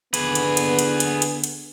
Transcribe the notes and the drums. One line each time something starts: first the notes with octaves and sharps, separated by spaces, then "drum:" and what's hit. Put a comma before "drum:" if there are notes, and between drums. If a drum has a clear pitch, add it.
D3 B3 G#4 B4, drum: hi-hat
drum: hi-hat
drum: hi-hat
drum: hi-hat
drum: hi-hat
drum: hi-hat
drum: hi-hat